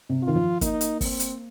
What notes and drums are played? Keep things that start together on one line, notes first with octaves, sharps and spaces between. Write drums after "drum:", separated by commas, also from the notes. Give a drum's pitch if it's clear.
C3
F4
D#3
F3
A#3 D#4, drum: kick, hi-hat
drum: hi-hat
C4, drum: kick, open hi-hat
drum: hi-hat